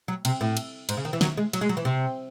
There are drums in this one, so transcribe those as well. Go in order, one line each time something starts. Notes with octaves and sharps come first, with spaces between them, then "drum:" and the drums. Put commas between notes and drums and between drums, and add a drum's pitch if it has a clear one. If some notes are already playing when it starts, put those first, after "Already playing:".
F#3
C3, drum: cymbal
A2
drum: cymbal
G#2, drum: cymbal
C#3
D#3
E3
F#3, drum: snare
G#3
F#3, drum: cymbal
G#3
F#3
E3
C3